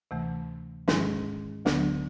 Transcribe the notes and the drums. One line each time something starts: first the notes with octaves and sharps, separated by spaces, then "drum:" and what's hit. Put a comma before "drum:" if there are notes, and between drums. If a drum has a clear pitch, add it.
D2 C3 E3 A3
G#2 D#3 G#3 C#4 E4, drum: snare
D2 D3 F#3 B3 D4, drum: snare